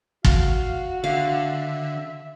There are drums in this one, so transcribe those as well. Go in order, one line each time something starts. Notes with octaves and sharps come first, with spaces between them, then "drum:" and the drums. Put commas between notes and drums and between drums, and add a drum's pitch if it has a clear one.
F#4 F5, drum: kick
D3 E5 F5